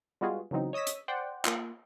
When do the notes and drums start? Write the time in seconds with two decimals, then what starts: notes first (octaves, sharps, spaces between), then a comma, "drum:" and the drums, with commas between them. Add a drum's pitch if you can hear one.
0.21 G3 G#3 B3 F4 F#4 G#4
0.51 C#3 E3 F#3 C4 D#4
0.73 C#5 D#5 D#6 E6 B6
0.87 drum: hi-hat
1.08 C5 D5 F#5 G5
1.45 A#3 F4, drum: clap